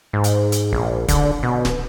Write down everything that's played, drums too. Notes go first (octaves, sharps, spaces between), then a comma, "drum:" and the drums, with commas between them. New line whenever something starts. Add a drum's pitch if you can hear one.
G#2
drum: hi-hat
drum: hi-hat
A#1
D3, drum: kick, hi-hat
B2
drum: snare D1